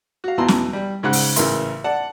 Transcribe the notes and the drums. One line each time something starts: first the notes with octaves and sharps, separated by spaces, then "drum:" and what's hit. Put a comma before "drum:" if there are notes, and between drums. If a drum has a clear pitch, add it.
F#4 F5
E2 B2 E4 A5 A#5 C6
drum: snare
G3
G#2 C#3 F#5 F#6
drum: open hi-hat
A1 C#3 E3 A#4 E5 C6, drum: hi-hat
D5 F#5 A5